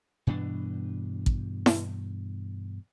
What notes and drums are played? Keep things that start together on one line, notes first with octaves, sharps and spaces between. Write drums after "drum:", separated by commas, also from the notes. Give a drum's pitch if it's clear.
G2 B2 E3 D4
drum: kick
drum: snare E4